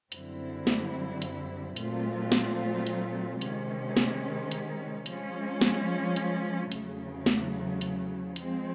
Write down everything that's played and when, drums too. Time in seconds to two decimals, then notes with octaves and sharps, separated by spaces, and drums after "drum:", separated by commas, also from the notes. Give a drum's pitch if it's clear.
0.12 F#2 D3 G3 C4 E4, drum: hi-hat
0.67 drum: snare
1.22 drum: hi-hat
1.76 A#2 F#3 A3 C4 F4, drum: hi-hat
2.32 drum: snare
2.87 drum: hi-hat
3.41 C3 D#3 G#3 C#4, drum: hi-hat
3.97 drum: snare
4.52 drum: hi-hat
5.06 F3 G#3 C#4, drum: hi-hat
5.61 drum: snare
6.16 drum: hi-hat
6.72 E2 C#3 F#3 A3, drum: hi-hat
7.26 drum: snare
7.81 drum: hi-hat
8.36 F3 G#3 C4, drum: hi-hat